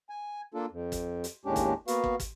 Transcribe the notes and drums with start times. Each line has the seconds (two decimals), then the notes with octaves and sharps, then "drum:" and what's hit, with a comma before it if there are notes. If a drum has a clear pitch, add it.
0.10 G#5
0.54 A#3 D4 F4 A4
0.71 F2
0.92 drum: kick, hi-hat
1.24 drum: hi-hat
1.45 D#2 A2 G#3 C#4 D4 G4
1.56 drum: kick, hi-hat
1.88 A#3 B3 F#4 B4 F5, drum: hi-hat
2.04 drum: kick
2.20 drum: kick, hi-hat